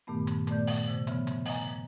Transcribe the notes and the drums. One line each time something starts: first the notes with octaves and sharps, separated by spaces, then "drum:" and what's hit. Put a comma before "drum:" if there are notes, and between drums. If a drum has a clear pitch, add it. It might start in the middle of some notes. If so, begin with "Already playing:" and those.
G2 A#2 D#3 A3 B3
drum: hi-hat
A#2 A3 B3 D5 G6, drum: hi-hat
drum: open hi-hat
C3
C#3 F3 B3 E5, drum: hi-hat
drum: hi-hat
D#5 G#5 A#5, drum: open hi-hat